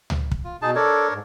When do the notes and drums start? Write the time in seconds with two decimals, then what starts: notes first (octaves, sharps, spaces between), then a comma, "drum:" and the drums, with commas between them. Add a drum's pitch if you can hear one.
0.10 drum: tom C#2
0.31 drum: kick
0.44 F4
0.62 B2 D#4 G#4 A5
0.75 D4 A4 A#4 C#5 D5
1.12 G#2